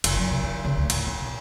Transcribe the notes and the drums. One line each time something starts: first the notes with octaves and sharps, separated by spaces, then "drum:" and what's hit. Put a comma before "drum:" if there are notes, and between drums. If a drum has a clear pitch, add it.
F#1, drum: cymbal
F#2
C3
D#3
C#3
D2
A2, drum: cymbal
C#4
B1